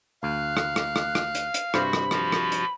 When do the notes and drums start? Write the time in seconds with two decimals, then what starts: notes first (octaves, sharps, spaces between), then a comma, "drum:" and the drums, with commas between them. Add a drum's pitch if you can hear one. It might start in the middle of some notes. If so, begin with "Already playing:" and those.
0.23 D2 F5 F#6
0.57 drum: rim click
0.76 drum: rim click
0.96 drum: rim click
1.15 drum: rim click
1.35 drum: hi-hat
1.54 drum: hi-hat
1.74 G2 C3 F#4 C5 B5, drum: rim click
1.93 drum: rim click
2.11 F3 F4 F#4, drum: rim click
2.32 drum: rim click
2.52 drum: hi-hat